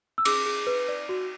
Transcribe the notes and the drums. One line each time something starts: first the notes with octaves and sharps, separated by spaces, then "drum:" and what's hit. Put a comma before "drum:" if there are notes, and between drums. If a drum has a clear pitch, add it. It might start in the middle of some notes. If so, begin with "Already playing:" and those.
E6
G#4 D6, drum: cymbal
G#4
B4
D5
F#4